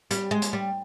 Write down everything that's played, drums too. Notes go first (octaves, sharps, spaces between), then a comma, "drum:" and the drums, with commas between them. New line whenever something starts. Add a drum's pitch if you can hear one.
G3, drum: hi-hat
G#3
drum: hi-hat
G3